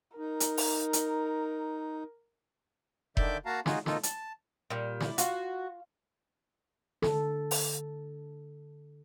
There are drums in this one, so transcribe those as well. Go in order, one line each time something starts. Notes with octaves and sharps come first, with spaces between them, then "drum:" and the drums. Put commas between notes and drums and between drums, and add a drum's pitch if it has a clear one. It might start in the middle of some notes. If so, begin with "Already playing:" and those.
D#4 A#4
drum: hi-hat
drum: open hi-hat
drum: hi-hat
D3 D#3 D5 E5 D6 G6, drum: kick F1
A#3 F#4 F5 A5 A#5
D#4 F4 F#4 G#4, drum: snare
B2 A#3 D#4 F4 A4, drum: snare
A5, drum: hi-hat
A#2 G3
E4 D5, drum: snare
F4 F#4 F5, drum: hi-hat
D3 A4, drum: snare
drum: open hi-hat